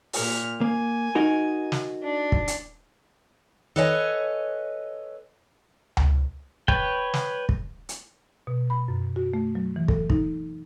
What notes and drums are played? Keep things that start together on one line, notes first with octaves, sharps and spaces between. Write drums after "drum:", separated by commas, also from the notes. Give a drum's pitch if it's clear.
A#2 F6, drum: open hi-hat
A#3 G#5
D#4 F#4 A#4
drum: snare
D4
drum: kick
drum: hi-hat
A4 B4 C#5 D#5 F#5 G#5
drum: tom C#2
B4 C#5 G5, drum: kick
drum: snare
drum: kick
drum: hi-hat
B2
B5
F#2
F#4
A3
F#3
E3
A4, drum: kick
D#4, drum: kick